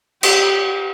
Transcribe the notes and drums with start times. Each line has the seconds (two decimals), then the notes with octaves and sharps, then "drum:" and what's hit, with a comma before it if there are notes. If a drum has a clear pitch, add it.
0.23 G4, drum: cymbal